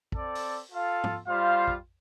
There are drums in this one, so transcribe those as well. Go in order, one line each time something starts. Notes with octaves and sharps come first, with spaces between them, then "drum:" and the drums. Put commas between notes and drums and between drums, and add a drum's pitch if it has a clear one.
C4 A4 D5, drum: kick
drum: open hi-hat
F4 A4 F5
drum: tom G#2
G3 F4 C5 F5
drum: kick